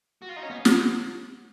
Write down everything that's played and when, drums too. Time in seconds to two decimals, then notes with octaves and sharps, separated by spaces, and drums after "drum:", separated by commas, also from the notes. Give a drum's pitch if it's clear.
0.22 F#4
0.29 F4
0.36 D#4
0.43 C#4
0.50 B3
0.65 B3, drum: snare